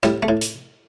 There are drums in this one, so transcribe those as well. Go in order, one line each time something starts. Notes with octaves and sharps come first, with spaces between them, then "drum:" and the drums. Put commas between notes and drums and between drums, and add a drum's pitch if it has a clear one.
A2 G3, drum: rim click
A3
A2
drum: hi-hat